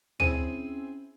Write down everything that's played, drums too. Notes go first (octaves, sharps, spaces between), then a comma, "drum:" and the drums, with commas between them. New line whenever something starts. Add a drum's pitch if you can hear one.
C4 C#4 E4 G#4 D#7, drum: tom